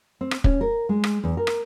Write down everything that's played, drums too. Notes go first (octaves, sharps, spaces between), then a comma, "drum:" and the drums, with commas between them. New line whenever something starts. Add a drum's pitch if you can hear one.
C4
drum: rim click
C#4, drum: kick
A#4
G#3
drum: rim click
E2
A#4
drum: rim click